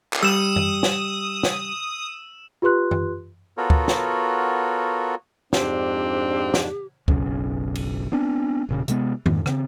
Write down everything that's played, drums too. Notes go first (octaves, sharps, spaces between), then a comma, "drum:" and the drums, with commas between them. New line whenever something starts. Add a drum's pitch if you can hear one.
drum: clap
G3 D#6 E6 E7
drum: tom F#2
drum: snare
drum: snare
F4 G4 B4 C6 F#6
drum: tom F#2
B3 F4 F#4 A4 A#4 C#5
drum: kick D2
drum: snare
F2 G#2 C4 D4 G4, drum: snare
drum: snare
F#1 B1 C#3, drum: kick D2
drum: cymbal
B3 C4 D4
E1 A#2 C#3
C3 G#3 B3, drum: hi-hat
F2 G#2, drum: tom D#3
C#3 C4, drum: rim click